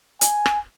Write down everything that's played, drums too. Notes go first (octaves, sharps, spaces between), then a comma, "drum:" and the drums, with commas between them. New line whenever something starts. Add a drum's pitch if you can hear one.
G#5, drum: hi-hat
drum: rim click